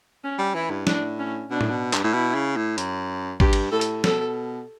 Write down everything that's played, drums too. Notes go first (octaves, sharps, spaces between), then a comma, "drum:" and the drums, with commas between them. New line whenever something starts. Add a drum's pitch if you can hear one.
C#4
G3
E3 E4
G2
A2 D4, drum: snare
C#4
B2 D4
A2, drum: tom A2
B2
G2, drum: clap
A2
B2 E4
C#3
A2
F#2, drum: hi-hat
G2 G4, drum: kick
drum: cymbal
A2 A4
drum: hi-hat
B2 A4, drum: snare